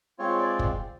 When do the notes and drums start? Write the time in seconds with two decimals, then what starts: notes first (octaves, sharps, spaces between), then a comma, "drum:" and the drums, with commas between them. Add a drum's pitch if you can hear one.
0.19 G#3 C4 F4 C#5
0.39 D5
0.59 drum: kick